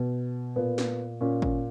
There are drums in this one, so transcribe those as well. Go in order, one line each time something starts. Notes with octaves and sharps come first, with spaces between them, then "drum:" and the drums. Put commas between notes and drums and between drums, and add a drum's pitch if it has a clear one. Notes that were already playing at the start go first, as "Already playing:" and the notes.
Already playing: B2
A#2 B3
drum: snare
A#2 C#4
C#4, drum: kick G#1